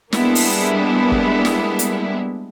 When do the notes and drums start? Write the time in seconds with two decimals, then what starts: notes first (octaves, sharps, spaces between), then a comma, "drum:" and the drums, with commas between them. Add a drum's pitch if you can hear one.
0.12 G3 G#3 A#3 B3 D4 E4, drum: snare
0.35 drum: open hi-hat
1.12 drum: kick
1.45 drum: snare
1.79 drum: hi-hat